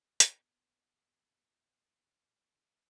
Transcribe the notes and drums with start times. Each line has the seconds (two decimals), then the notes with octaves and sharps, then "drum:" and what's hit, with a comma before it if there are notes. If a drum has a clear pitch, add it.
0.20 D#2 A2 A#3 B3, drum: hi-hat